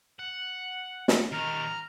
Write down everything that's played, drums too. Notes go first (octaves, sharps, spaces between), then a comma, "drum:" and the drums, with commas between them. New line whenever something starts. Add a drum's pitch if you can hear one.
F#5
drum: snare
D#3 G3 A#5 F6